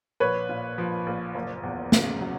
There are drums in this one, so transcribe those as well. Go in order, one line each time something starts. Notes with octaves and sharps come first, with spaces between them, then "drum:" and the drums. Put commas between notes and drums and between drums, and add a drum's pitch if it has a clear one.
A#1 B4 C#5
A#2
F3
A#1
F#1
E2
C#3, drum: snare
F#3